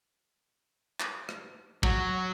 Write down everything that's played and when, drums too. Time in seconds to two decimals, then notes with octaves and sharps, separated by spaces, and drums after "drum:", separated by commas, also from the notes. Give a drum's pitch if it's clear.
1.00 drum: clap
1.29 drum: rim click
1.83 F#3, drum: kick